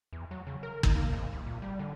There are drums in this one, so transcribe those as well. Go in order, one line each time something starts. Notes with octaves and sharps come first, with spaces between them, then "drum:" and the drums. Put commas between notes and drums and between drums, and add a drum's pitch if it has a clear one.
E2
F#3
C#3
A#4
D#4, drum: kick
A#3
G#2
C2
A#2
G3
D3